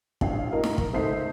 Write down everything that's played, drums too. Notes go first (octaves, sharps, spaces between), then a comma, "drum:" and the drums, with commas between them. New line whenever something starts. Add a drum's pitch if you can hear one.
A1 D4 F5 C7, drum: kick
E4 F#4 A#4 D#5
drum: snare
drum: kick
C#2 A3 D#4 C5 E5 C7